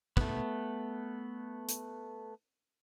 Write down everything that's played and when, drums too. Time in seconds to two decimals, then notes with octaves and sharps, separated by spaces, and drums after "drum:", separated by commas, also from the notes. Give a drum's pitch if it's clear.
0.17 A3 B3, drum: kick
1.69 drum: hi-hat